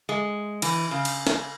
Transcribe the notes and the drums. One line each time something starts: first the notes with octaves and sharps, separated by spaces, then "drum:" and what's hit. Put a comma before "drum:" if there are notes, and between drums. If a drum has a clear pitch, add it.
G#3
E3, drum: cymbal
C#3
drum: cymbal
drum: snare